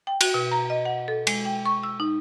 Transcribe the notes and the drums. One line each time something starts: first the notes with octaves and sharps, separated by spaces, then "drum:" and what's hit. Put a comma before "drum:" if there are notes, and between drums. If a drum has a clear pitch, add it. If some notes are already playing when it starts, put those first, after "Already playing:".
G5
F#4, drum: cymbal
B2
A#5
D#5
F#5
A4
G#3, drum: cymbal
G5
C#6
E6
D#4